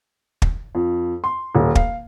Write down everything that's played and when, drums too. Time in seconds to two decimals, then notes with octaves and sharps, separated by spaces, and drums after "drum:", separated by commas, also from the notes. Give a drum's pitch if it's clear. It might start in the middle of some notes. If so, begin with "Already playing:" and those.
0.42 drum: kick
0.75 F2
1.24 C6
1.55 D#1
1.75 F5, drum: kick